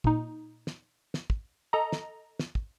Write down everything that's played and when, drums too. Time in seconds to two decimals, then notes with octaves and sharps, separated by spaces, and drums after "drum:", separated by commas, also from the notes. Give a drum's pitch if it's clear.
0.04 A#2 D#4, drum: kick
0.67 drum: snare
1.14 drum: snare
1.30 drum: kick
1.73 A4 D#5 A#5
1.92 drum: snare
2.40 drum: snare
2.55 drum: kick